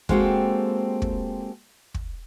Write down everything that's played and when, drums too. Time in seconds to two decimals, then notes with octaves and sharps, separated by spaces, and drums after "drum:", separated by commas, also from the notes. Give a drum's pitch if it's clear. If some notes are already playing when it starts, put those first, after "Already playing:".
0.09 G#3 A#3 C4 F#4 G4 A4, drum: kick
1.02 drum: kick
1.94 drum: kick